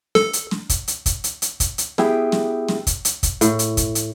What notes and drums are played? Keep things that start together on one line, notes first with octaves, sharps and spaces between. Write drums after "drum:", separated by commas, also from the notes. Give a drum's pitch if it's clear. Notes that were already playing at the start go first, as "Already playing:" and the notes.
A4, drum: snare
drum: hi-hat
drum: snare
drum: kick, hi-hat
drum: hi-hat
drum: kick, hi-hat
drum: hi-hat
drum: hi-hat
drum: kick, hi-hat
drum: hi-hat
B3 E4 G4 G#4 E5 G5, drum: snare
drum: snare
drum: snare
drum: kick, hi-hat
drum: hi-hat
drum: kick, hi-hat
A2, drum: hi-hat
drum: hi-hat
drum: kick, hi-hat
drum: hi-hat